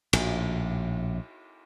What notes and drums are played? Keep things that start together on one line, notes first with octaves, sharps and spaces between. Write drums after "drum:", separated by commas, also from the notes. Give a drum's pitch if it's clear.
A#1 A2, drum: cymbal